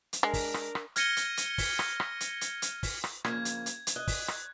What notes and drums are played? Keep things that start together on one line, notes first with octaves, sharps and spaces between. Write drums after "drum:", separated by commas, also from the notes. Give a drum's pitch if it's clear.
drum: hi-hat
G#3 D4 A#4
drum: kick, open hi-hat
drum: rim click
drum: rim click
F6 G#6 A#6 C#7 D#7 G7, drum: hi-hat
drum: hi-hat
drum: hi-hat
drum: kick, open hi-hat
drum: rim click
drum: rim click
drum: hi-hat
drum: hi-hat
drum: hi-hat
drum: kick, open hi-hat
drum: rim click
F2 C#3 A#3 G#6, drum: rim click
drum: hi-hat
drum: hi-hat
drum: hi-hat
D#5 F#6
drum: kick, open hi-hat
drum: rim click